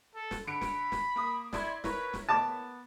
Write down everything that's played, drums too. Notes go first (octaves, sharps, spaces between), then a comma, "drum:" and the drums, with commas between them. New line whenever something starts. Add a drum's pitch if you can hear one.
A4
drum: snare
D3 B5 C#7 D7
drum: snare
drum: snare
A#3 D#6
E4 D5 C6 G#6, drum: snare
E4 A#4 B4 C#5, drum: snare
drum: snare
B3 A5 D6